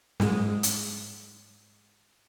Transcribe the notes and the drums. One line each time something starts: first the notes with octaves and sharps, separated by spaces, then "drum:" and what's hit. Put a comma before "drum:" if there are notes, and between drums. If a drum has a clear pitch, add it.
G#2 G#3, drum: snare
drum: hi-hat